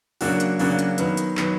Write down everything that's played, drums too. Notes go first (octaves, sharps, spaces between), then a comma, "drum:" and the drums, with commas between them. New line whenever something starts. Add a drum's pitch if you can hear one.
C#3 F#3 A#3 D4 F#4, drum: open hi-hat
drum: hi-hat
C#3 F#3 A#3 D4 F#4, drum: open hi-hat
drum: hi-hat
D#3 F#3 B3, drum: hi-hat
drum: hi-hat
D#3 F#3 B3, drum: clap